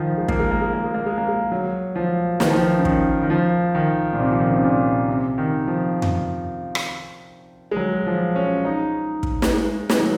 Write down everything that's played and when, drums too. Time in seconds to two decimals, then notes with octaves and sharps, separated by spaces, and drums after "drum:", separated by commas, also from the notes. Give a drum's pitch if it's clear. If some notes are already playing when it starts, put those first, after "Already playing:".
Already playing: D#3 F3
0.18 G#3
0.28 A#3, drum: kick
0.40 G#3
0.51 A#3
0.62 G#3
0.73 A#3
0.84 G#3
0.94 A#3
1.06 G#3
1.18 A#3
1.28 G#3
1.52 F#3
1.96 F3
2.40 D#3, drum: snare
2.50 F3
2.59 D#3
2.78 C#3
2.85 D#3, drum: kick
3.23 D#3
3.30 F3
3.75 D#3
4.13 A#2
4.19 C3
4.32 F3
4.40 D#3
4.48 C#3
4.56 C3
4.64 A#2
5.08 C3
5.38 D#3
5.68 F3
6.02 drum: tom F2
6.75 drum: rim click
7.71 G#3
7.76 F#3
8.06 F3
8.36 C#4
8.65 D#4
9.23 drum: kick
9.42 drum: snare
9.54 G#3
9.90 G#3, drum: snare
10.00 F#3